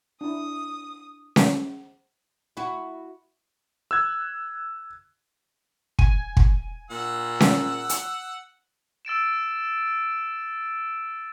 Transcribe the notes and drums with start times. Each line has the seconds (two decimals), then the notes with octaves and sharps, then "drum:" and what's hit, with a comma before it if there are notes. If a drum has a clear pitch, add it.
0.21 D4 E4 D#6
1.36 drum: snare C#4
2.57 E4 F#4
3.91 E6 F#6 G#6
5.99 G#5, drum: kick
6.37 drum: kick
6.91 A#2 F#5 E6
7.40 drum: snare C#4
7.89 drum: hi-hat
9.05 E6 A6 D7 E7